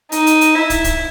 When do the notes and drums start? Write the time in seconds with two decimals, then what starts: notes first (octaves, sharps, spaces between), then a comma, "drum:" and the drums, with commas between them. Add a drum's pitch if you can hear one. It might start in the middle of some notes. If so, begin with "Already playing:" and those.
0.12 D#4, drum: hi-hat
0.27 drum: hi-hat
0.41 drum: hi-hat
0.56 E4
0.70 drum: kick, hi-hat
0.84 drum: kick, hi-hat